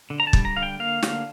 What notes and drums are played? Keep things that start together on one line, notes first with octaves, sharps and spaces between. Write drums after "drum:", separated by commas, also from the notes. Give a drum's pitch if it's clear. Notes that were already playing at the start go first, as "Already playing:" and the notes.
D3
A#5
A5
G3, drum: kick
A#5
D3 F5
G5
A#3 F5
D3, drum: snare